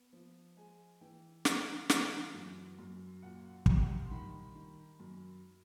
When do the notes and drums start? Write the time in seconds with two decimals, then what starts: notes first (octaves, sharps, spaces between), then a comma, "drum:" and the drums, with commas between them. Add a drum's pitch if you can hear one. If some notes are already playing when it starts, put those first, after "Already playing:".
Already playing: B3
0.13 F3
0.57 G#3 G#5
1.01 E3 G5
1.45 E3 F#5, drum: snare
1.90 E3, drum: snare
2.34 F#2
2.79 F#2
3.22 A#2 F#5
3.66 G3 F#5, drum: kick
3.74 G5
3.82 F#5
4.05 C6
4.11 D#3 B5
4.55 D#3
4.99 F#2